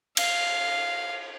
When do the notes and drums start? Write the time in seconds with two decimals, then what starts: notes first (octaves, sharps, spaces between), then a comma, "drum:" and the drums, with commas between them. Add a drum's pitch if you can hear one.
0.17 F5, drum: cymbal